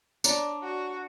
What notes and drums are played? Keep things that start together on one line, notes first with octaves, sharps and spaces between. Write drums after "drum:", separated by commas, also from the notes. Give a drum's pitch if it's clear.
D4 C#5 D5 A#5 F#6, drum: tambourine
F#4